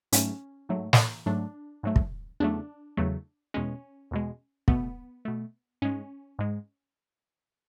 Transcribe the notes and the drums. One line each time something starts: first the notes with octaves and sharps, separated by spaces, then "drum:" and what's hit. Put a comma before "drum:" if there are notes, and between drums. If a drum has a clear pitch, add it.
G#2 F#3 A3 C#4, drum: hi-hat
G#2 F#3 A3
drum: snare
G#2 F#3 A3 D4
G#2 F#3 A3
drum: kick
E2 C#3 F#3 A3 D4
E2 C#3 F#3 A3
E2 B2 G#3 C#4
E2 B2 G#3
B2 A3 B3, drum: kick
B2 A3
G#2 G#3 C#4
G#2 G#3